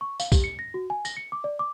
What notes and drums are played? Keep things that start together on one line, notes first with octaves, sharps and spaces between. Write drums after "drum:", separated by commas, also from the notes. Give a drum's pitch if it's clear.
C#6
F5, drum: tambourine
G4, drum: kick A#1, tambourine
C#7
A#6
F#4
G#5
A#6, drum: tambourine
C#7
D6
D5
D6